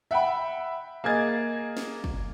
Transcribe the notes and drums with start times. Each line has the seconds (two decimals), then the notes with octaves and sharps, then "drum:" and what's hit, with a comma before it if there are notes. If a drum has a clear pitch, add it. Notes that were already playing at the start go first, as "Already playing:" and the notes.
0.11 E5 F#5 G5 B5
1.04 A#3 G#4 D#5 G#6 A6
1.77 drum: snare
2.04 drum: kick